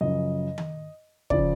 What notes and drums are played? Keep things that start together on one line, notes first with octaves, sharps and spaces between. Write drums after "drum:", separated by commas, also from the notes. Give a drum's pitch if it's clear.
F#2 C#3 F3 D#5
drum: tom D#3
C#3 F3 D5, drum: kick